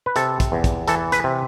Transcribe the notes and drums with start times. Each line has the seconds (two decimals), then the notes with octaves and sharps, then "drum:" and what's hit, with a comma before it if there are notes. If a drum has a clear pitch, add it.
0.06 B4
0.16 C3 A4, drum: hi-hat
0.40 drum: kick, hi-hat
0.52 E2
0.64 drum: kick, hi-hat
0.88 E3 A4, drum: hi-hat
1.12 B4, drum: hi-hat
1.24 C3